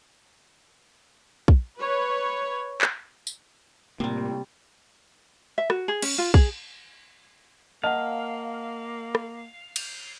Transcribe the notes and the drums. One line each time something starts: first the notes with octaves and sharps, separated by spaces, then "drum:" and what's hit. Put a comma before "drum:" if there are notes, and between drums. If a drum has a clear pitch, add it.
drum: kick
B4 C#5
drum: clap
drum: tambourine
A2 C3 G3 A#3
E5
F#4, drum: rim click
G#4
C#4, drum: cymbal
F4
G#4, drum: kick
A#3 D#5 F5 F#5 A5
drum: rim click
drum: cymbal